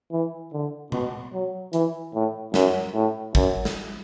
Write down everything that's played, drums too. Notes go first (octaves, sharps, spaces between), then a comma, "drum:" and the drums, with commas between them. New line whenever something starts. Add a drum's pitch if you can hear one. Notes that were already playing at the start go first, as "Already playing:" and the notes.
E3
D3
B2, drum: tom B2
F#3
E3, drum: hi-hat
A2
F#2, drum: snare
A2
F#2, drum: kick
drum: snare